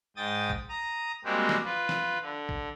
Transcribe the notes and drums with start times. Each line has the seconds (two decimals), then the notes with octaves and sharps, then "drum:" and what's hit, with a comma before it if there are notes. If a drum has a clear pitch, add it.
0.17 G#2 G5 D#6 A6
0.49 drum: kick
0.69 A#5 D#6
1.25 G3 G#3 A#3 C4 F#4 G4
1.49 drum: snare
1.65 F4 B4
1.89 drum: snare
2.21 D3
2.49 drum: kick